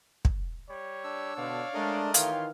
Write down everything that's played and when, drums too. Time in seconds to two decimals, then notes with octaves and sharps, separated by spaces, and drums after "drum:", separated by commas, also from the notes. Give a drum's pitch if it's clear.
0.25 drum: kick
0.69 G3 C#5
1.04 D4 E6
1.36 B2 D3 C#5 D5 F5
1.74 G#3 A3 D4 A#4 D#5
2.14 D#3 E3 F4 G4 C#5 F5, drum: hi-hat